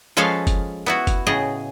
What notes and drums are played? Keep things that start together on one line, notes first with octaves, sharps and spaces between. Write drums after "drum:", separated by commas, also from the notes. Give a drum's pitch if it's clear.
F3 G#3 C#4 A4 B4 F5
drum: kick F#1, hi-hat
B3 E4 F#4
drum: kick F#1, hi-hat
A2 C#3 G#4 D#5